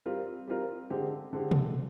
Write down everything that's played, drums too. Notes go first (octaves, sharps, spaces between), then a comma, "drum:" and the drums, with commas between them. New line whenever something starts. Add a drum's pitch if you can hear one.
G3 C4 F4 A#4
G3 C4 F4 A#4
D3 G#3 C4 G4
D3 G#3 C4 G4
drum: tom